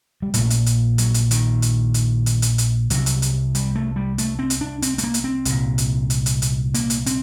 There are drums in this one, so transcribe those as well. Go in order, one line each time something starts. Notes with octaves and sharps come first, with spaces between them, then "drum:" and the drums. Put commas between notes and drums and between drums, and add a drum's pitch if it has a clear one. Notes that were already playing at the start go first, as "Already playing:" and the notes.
G3
A#1 A#2 A3, drum: hi-hat
drum: hi-hat
drum: hi-hat
F#3, drum: hi-hat
drum: hi-hat
D#3, drum: hi-hat
drum: hi-hat
drum: hi-hat
drum: hi-hat
drum: hi-hat
drum: hi-hat
C2 C3 F#3, drum: hi-hat
drum: hi-hat
drum: hi-hat
G3, drum: hi-hat
A3
G3
A3, drum: hi-hat
C4
drum: hi-hat
D4
C4, drum: hi-hat
A3, drum: hi-hat
A#3
drum: hi-hat
C4
C2 A#2, drum: hi-hat
drum: hi-hat
drum: hi-hat
drum: hi-hat
drum: hi-hat
A#3, drum: hi-hat
drum: hi-hat
C4, drum: hi-hat